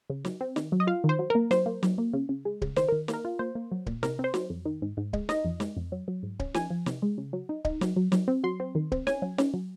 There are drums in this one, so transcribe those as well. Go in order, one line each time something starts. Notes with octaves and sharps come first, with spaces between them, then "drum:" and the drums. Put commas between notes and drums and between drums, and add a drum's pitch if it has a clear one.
C#3
F#3, drum: snare
C4
D#3, drum: snare
F#3
D#5
F4 F5
D#3
C5
F#3
A#3 A#4
F#3 C5, drum: snare
A#3
F#3, drum: snare
A#3
C#3
C#3
G#3
C#3, drum: kick D1
D#3 C5, drum: snare
D#3 A#4
A#3, drum: snare
A#4
F4
A#3 C5
A#3
F#3
A#2, drum: kick D1
C3 A#4, drum: snare
C4
C5
F#3, drum: snare
F2
D#3
G#2
G#2
G#3, drum: kick D1
D#4 D#5, drum: snare
F2
G#3, drum: snare
F2
F#3
F#3
G#2
C#4, drum: kick D1
F3 G#5, drum: snare
F3
C3, drum: snare
G#3
C#3
F#3
D#4
D#4, drum: kick D1
F#3, drum: snare
F#3
F#3, drum: snare
C4
F#3 C6
C4
D#3
C4, drum: kick D1
C#4 G#5, drum: snare
F#3
C#4, drum: snare
F#3